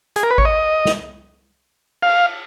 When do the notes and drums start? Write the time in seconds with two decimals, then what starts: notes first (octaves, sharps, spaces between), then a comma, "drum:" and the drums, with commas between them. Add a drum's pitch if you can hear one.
0.16 G#4, drum: hi-hat
0.23 A#4
0.31 B4
0.38 C#5, drum: kick G#1
0.45 D#5
0.85 drum: snare
2.03 F5, drum: cymbal